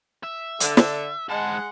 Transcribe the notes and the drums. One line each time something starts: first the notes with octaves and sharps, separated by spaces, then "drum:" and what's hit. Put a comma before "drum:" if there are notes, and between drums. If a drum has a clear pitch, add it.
E5
D3, drum: hi-hat
drum: snare
G#2 G#3 F#5 A5